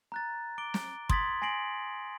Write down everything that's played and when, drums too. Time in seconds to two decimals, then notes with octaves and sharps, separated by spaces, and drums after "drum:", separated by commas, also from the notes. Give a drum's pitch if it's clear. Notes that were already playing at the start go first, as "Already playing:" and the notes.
0.12 A#5 F#6 A6
0.58 D6 D7 G7
0.74 drum: snare
1.09 C6 D#6 G#6 A6 B6 F#7, drum: kick
1.42 G#5 A#6 C7 D7 F#7